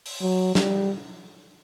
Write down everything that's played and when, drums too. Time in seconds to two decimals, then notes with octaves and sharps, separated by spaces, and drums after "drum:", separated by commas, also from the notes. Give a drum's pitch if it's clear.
0.06 drum: open hi-hat
0.22 F#3
0.55 G3, drum: snare